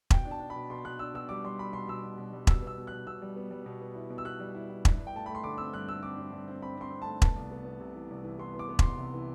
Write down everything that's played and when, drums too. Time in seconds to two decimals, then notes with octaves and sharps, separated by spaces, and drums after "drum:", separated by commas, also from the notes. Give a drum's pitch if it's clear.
0.10 B2 G5, drum: kick E1
0.25 D4
0.31 A5
0.40 D4
0.50 B5
0.56 B2
0.70 B2 C6
0.85 B2 F#6
0.99 D4 E6
1.14 B2 E6
1.29 G3 D6
1.44 G3 C6
1.59 G3 B5
1.73 B2 C6
1.88 B2 E6
2.03 B2
2.18 B2
2.33 G3
2.47 B2 E6, drum: kick E1
2.62 B3 E6
2.78 B2
2.87 F#6
2.93 B2
3.07 B2 E6
3.22 G3
3.36 B3
3.51 G3
3.66 B2
3.81 B3
3.95 E4
4.10 B2
4.18 E6
4.25 B3 F#6
4.40 G3
4.55 E4
4.70 E4
4.85 G2, drum: kick E1
4.99 G2
5.07 G5
5.14 A3 A5
5.26 A3 B5
5.35 C6
5.43 D3 D6
5.58 C4 E6
5.73 G2 F#6
5.89 A3 E6
6.02 C4 D6
6.17 G2
6.32 G2
6.48 C4
6.62 C4 B5
6.77 C4 C6
6.91 C4
7.02 A3 A5
7.22 B3 A5, drum: kick E1
7.36 C2
7.51 B3
7.65 B3
7.80 C3
7.95 E3
8.10 C2
8.24 E3
8.39 B3 C6
8.54 B3 D6
8.69 B3
8.79 C2 C6, drum: kick E1
8.98 C3
9.14 E3